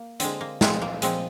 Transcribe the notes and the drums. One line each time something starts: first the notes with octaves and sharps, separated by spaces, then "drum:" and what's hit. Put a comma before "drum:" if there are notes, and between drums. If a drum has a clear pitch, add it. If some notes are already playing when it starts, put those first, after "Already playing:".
Already playing: A#3
D3 G#3 C4, drum: hi-hat
A#3
A#2 F3 G#3 C4, drum: snare
A#3
A#2 F3 G#3 C4, drum: hi-hat